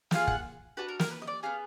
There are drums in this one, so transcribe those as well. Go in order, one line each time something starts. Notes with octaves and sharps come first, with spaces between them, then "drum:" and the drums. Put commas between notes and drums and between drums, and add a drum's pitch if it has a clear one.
B3 D4 F4 G#4 F5, drum: snare
F#5, drum: kick
D4 F#4 B4
A#4
A#4, drum: snare
B4
D#5
D5
B3 F4 G#4 F5